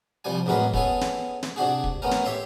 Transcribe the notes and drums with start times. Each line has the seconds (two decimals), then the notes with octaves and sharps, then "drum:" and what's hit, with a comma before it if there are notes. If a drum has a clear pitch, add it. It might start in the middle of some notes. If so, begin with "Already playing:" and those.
0.24 C2 F3 G3 G#5
0.46 A1 E2 F#3 G#3 A#4 B4
0.74 B3 C#4 G#4 A4 C#5, drum: kick
1.01 drum: snare
1.43 drum: snare
1.56 C3 D4 F#4 G#4
1.84 drum: kick
2.02 A3 B3 C#4 A#4
2.11 drum: snare
2.25 G4 C#5 E5 C6